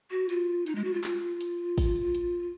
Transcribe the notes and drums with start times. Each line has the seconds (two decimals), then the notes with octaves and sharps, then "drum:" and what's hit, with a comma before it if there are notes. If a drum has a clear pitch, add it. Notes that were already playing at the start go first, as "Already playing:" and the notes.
0.11 F#4
0.29 F4, drum: hi-hat
0.66 D#4, drum: hi-hat
0.75 G#3
0.84 F#4
0.94 F4
1.04 F4, drum: clap
1.41 drum: hi-hat
1.78 drum: kick, open hi-hat
2.15 drum: hi-hat